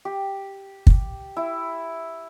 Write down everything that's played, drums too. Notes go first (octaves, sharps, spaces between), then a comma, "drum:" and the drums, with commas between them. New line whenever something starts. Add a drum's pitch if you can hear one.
G4
drum: kick
E4